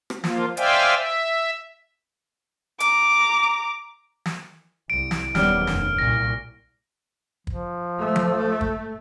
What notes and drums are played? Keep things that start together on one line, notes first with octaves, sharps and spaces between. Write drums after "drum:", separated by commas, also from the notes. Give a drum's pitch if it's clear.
drum: rim click
F3 A#3 F4, drum: snare
C5 D5 E5 F5 G5 G#5, drum: hi-hat
E5
A#5 D6, drum: hi-hat
drum: snare
C2 D7
drum: snare
D#1 D#3 G3 B3 C#4 F6, drum: snare
F1, drum: snare
C2 A#2 A#6
F3, drum: kick
A3
drum: tom F3
drum: kick